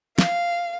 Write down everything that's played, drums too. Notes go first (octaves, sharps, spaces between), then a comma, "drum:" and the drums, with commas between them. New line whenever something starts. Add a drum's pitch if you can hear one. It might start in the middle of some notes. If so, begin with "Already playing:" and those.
F5, drum: snare